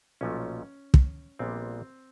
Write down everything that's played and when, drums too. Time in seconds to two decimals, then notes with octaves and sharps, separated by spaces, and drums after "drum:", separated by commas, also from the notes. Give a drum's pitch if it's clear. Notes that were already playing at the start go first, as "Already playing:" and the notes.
0.21 B1 A#2 F3 A3 C#4
0.94 drum: kick
1.39 A#1 A#2 G3 B3 C4